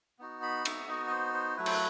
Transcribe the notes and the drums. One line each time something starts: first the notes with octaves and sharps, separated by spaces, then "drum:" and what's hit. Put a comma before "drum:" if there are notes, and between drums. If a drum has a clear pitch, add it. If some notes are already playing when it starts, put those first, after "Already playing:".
B3 D#4 F#4
B5
E5, drum: cymbal
B3 D#4 F#4 D#5
D#5
C5
C5
F#3 A3 E4 B4
C5, drum: cymbal
B4